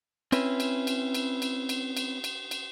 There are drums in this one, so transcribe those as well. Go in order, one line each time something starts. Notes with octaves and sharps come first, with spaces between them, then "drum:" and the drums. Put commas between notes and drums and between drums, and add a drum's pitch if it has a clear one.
C4 C#4 E4 B4, drum: cymbal
drum: cymbal
drum: cymbal
drum: cymbal
drum: cymbal
drum: cymbal
drum: cymbal
drum: cymbal
drum: cymbal